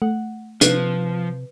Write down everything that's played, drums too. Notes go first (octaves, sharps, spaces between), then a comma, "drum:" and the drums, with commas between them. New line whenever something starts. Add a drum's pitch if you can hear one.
A3 F#5
C3 F3 B4, drum: hi-hat